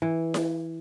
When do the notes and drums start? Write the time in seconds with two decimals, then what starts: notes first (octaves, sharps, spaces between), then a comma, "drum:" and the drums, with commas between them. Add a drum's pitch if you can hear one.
0.02 E3
0.34 drum: snare E4